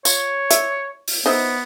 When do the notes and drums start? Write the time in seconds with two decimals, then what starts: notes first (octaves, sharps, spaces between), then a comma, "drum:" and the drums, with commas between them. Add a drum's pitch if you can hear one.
0.05 F4 C#5, drum: tambourine
0.51 E5, drum: hi-hat
1.08 drum: open hi-hat
1.26 B3 D#4 C5 E5